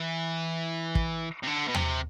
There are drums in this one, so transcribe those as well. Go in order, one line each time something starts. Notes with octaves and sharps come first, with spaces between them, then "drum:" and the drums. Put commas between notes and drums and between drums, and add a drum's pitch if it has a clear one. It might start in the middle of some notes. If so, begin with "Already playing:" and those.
Already playing: E3
drum: kick
C3
D3
B2
C3, drum: tom D#2